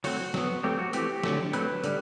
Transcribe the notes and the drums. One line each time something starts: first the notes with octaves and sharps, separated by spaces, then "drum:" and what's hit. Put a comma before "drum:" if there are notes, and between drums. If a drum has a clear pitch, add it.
F#3 A3 C4 F#4, drum: open hi-hat
F#3 B3, drum: snare
F#3 A3 C4 G4
F#4
E3 A3 C4 G4, drum: hi-hat
D3 F#3 A3, drum: snare
F#3 A3 C4 B4, drum: hi-hat
D3 G3, drum: hi-hat